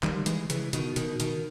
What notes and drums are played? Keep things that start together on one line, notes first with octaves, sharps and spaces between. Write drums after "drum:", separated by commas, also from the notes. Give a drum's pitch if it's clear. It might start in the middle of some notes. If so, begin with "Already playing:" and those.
D#3 G3, drum: clap
E3 G#3, drum: hi-hat
C#3 E3, drum: hi-hat
B2 D#3, drum: hi-hat
B2 D#3, drum: hi-hat
B2 D#3, drum: hi-hat